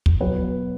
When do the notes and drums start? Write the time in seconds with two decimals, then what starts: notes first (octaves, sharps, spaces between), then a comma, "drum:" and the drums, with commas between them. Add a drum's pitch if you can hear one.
0.06 drum: kick
0.20 B2 F#3 B4